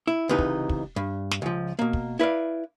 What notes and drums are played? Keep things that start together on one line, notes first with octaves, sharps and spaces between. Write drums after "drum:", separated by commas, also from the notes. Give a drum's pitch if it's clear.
E4
C#2 C3 E3 D#4 B4
drum: kick
drum: kick
G2
drum: snare
C#2 F3
B2 A#3
drum: kick
E4 B4 D5 F5